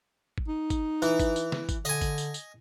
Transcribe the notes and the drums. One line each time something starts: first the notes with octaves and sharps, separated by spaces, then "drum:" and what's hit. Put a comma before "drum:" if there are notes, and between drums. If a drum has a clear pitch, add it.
drum: kick
D#4
drum: kick, tambourine
E3, drum: tambourine
drum: kick, tambourine
drum: tambourine
drum: snare
drum: kick, tambourine
D3 D#5 G#5, drum: tambourine
drum: kick, tambourine
drum: tambourine
drum: tambourine